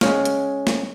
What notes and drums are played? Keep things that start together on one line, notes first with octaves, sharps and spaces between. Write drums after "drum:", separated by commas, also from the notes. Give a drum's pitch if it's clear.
G#3 C#4 C#5 F5, drum: snare
drum: hi-hat
drum: snare